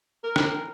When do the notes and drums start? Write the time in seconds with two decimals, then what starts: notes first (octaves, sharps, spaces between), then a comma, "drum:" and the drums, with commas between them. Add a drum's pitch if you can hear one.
0.24 A#4
0.36 drum: rim click